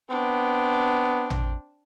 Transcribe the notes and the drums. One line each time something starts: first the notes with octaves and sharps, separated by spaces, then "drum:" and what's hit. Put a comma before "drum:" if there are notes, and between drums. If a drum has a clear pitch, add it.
B3 C4 D4
drum: tom